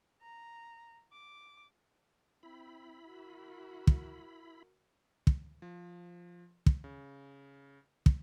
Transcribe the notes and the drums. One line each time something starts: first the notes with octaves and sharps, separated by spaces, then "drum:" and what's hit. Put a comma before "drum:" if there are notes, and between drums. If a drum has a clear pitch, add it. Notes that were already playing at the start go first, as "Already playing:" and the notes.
A#5
D6
C4 E4 B5
F#4 A#4
drum: kick
drum: kick
F3
drum: kick
C#3
drum: kick